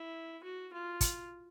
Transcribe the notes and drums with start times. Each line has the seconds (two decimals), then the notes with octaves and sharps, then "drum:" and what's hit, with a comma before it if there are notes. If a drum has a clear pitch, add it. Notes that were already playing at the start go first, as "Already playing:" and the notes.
Already playing: E4
0.44 F#4
0.73 F4
1.01 drum: kick, hi-hat